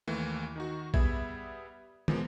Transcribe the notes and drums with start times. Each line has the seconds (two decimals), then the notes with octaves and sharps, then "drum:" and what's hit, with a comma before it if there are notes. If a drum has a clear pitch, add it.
0.08 D#2 E3 A3 A#3
0.56 D#3 D#4 F#4
0.94 G3 B3 G#4 E5 B5 G#6, drum: kick
2.08 A#2 F3 G#3 A#3 B3, drum: tom